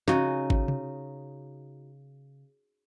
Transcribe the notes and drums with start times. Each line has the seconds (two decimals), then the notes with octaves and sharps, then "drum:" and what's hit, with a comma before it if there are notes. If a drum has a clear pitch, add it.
0.08 C#3 D#4 F#4, drum: snare
0.50 drum: kick
0.68 drum: tom C3